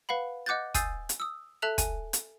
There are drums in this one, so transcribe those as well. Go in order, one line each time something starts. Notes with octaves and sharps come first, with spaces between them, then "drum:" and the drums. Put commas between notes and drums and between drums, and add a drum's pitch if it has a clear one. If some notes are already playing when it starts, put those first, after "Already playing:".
B4 F5 F#5 B5
D#5 F#5 D6 F#6 G6 A6
G#5 D#6 E6 G6 A6 C7, drum: kick, hi-hat
drum: hi-hat
D#6 E6
A4 E5 A5 F#6 F7
G#5, drum: kick, hi-hat
drum: hi-hat